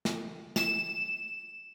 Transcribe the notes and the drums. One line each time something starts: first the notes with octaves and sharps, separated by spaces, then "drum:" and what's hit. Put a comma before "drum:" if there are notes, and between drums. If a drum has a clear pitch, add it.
drum: snare
E7, drum: snare